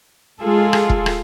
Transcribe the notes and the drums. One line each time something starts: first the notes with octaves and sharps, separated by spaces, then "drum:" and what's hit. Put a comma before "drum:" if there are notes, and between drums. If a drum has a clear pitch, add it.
G#3 F4 G#4 A4
drum: rim click
drum: kick E1
drum: rim click